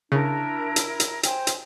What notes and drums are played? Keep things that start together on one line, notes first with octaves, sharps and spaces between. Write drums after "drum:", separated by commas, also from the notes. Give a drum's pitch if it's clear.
C#3 D4 E4 A#4
drum: hi-hat
drum: hi-hat
C5 G5 G#5, drum: hi-hat
drum: hi-hat